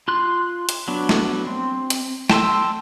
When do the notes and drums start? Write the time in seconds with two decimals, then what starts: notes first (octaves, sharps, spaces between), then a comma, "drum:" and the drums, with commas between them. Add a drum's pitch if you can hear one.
0.08 F4 C6 F#6
0.69 drum: hi-hat
0.88 F#3 B3 D4
1.09 drum: snare
1.47 C4
1.90 drum: hi-hat
2.30 G5 A5 C6 E6, drum: snare